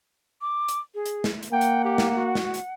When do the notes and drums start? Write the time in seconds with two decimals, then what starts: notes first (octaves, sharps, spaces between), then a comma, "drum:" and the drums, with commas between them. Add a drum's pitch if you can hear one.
0.41 D6
0.68 drum: hi-hat
0.95 G#4
1.06 drum: hi-hat
1.24 drum: snare
1.43 drum: hi-hat
1.52 A#3 F#5 G5
1.61 drum: hi-hat
1.84 G4
1.98 drum: snare
2.17 F#4
2.35 drum: snare
2.54 drum: hi-hat